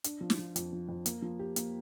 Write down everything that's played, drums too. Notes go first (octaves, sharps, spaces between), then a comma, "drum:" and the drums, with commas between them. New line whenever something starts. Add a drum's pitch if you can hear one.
D4, drum: hi-hat
F3
drum: snare
F3
F2, drum: hi-hat
F3
F2
A#3, drum: hi-hat
F3
G4
A#3, drum: hi-hat